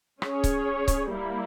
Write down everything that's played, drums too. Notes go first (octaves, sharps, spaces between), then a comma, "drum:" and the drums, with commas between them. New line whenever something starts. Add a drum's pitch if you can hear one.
C#4 G#4 C#5, drum: rim click
drum: kick C#1, hi-hat
drum: kick C#1, hi-hat
G3 A#3 E4